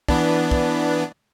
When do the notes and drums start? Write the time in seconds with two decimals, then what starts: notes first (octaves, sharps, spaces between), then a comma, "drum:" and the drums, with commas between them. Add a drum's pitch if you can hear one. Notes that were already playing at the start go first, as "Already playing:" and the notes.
0.08 E3 B3 D4, drum: kick
0.51 drum: kick